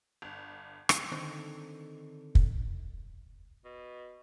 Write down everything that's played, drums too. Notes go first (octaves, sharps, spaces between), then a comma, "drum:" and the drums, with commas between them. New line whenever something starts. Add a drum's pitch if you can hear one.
G1
drum: rim click
D3 D#3 C4 D4 D#4
drum: kick
B2